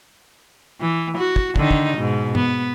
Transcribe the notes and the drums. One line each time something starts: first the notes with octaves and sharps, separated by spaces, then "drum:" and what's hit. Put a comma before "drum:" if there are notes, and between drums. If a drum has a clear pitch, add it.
E3
F#4
drum: kick
D3 D#3 D#4, drum: kick
drum: kick
G#2 B2
B3, drum: tom G2